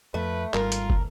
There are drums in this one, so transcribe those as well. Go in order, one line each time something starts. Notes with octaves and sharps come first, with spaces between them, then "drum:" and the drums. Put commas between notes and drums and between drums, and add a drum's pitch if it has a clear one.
F2 A3 B4
G#1 G3 F4 A#4, drum: clap
drum: hi-hat
drum: kick